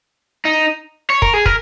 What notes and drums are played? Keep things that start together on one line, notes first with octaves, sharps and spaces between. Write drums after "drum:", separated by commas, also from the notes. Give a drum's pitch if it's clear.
D#4
C#5
A#4, drum: kick
G#4
A#4, drum: kick